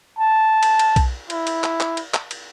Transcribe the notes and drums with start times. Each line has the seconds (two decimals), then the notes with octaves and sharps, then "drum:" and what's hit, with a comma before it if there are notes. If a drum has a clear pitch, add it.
0.19 A5
0.63 drum: cymbal
0.79 drum: cymbal
0.96 drum: kick B1, cymbal
1.30 E4, drum: cymbal
1.47 drum: cymbal
1.64 drum: clap
1.80 drum: clap
1.97 drum: cymbal
2.14 drum: clap
2.31 drum: cymbal